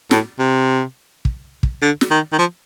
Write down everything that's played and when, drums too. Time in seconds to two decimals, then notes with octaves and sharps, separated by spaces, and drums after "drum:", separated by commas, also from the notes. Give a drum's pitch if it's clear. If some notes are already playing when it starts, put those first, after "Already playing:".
0.11 A2, drum: snare
0.39 C3
1.25 drum: kick
1.63 drum: kick
1.82 D3
2.01 drum: snare
2.11 D#3
2.33 D#3
2.39 F3